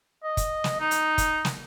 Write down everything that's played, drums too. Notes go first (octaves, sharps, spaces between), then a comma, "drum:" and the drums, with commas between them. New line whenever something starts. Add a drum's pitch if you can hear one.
D#5
drum: kick, hi-hat
drum: snare
D#4
drum: hi-hat
drum: kick, hi-hat
drum: snare